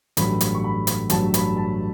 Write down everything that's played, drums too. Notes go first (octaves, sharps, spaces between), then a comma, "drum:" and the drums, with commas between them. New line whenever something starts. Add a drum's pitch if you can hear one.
A1 G2 F#3 A3 B5, drum: hi-hat
drum: hi-hat
C#6
B5
drum: hi-hat
A1 G2 F#3 A3 A5, drum: hi-hat
B5, drum: hi-hat
A5